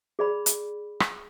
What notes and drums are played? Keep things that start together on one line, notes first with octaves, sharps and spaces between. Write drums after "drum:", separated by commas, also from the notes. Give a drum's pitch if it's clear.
G#4 D5 B5
drum: hi-hat
drum: rim click